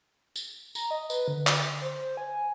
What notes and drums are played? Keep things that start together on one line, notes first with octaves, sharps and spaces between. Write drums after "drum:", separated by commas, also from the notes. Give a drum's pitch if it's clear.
drum: tambourine
A#5, drum: tambourine
D#5
B4, drum: tambourine
D3
drum: clap
C5
G#5